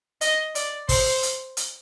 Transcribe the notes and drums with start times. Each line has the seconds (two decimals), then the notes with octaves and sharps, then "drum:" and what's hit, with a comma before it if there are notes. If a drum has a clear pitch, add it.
0.21 D#5, drum: hi-hat
0.55 D5, drum: hi-hat
0.89 C5, drum: kick, open hi-hat
1.23 drum: hi-hat
1.57 drum: hi-hat